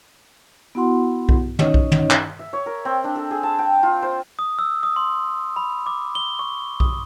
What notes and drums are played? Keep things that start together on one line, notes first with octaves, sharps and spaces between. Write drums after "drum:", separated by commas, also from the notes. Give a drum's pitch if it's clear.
B3 E4 F#4 F#5 C6
drum: kick B1
C#4 D#4 C#5 D#5, drum: tom
drum: kick B1
drum: tom
drum: clap
E5
C#5
A#4
C4
D4
A4
G#4
A5
G5
F4
C5
D#6
E6
D#6
C6
B5
D6
G7
C#6
D#6, drum: kick B1